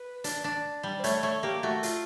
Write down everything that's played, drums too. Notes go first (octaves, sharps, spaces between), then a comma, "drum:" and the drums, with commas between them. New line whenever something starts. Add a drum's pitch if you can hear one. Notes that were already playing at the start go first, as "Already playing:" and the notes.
Already playing: B4
D4, drum: hi-hat
D4
G3
C5
A3 C#5, drum: hi-hat
A3 C#5
A#3 G4
A3 F#4
F4, drum: hi-hat